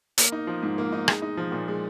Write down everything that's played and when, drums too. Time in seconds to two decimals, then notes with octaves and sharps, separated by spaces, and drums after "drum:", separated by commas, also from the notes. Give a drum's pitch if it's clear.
0.18 A#3, drum: hi-hat
0.32 D#4
0.47 F3
0.63 G#2
0.78 A#3
0.92 D#4
1.08 G#3, drum: rim click
1.22 D#4
1.37 F3
1.52 A#2
1.68 G#3